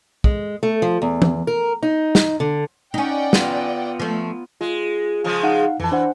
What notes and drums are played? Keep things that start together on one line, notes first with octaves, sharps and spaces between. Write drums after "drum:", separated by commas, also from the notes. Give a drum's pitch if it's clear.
G#3, drum: kick
A3
F3
E2
drum: tom E3
A#4
D#4
drum: snare
D3
C#4 D#4 D5 F#5 G5
B3 F4, drum: snare
F3 A3
G#3 F4
C#3 F3 G#3
D#4 F5 F#5
F2 E3 A5
D4 C5 F#5